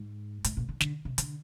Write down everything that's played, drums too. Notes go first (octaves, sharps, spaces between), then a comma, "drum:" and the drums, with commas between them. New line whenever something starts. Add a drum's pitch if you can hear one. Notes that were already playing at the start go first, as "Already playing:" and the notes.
Already playing: G#2
A2, drum: hi-hat
A#2
D3
D3, drum: snare
C3
D3, drum: hi-hat